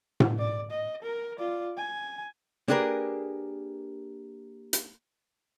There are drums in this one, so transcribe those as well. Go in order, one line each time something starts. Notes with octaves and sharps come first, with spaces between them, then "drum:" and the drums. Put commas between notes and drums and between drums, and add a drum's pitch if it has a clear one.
drum: tom A2
D5
D#5
A#4
F4 D5
G#5
A#3 D4 G4 G#4 A#4 B4
drum: hi-hat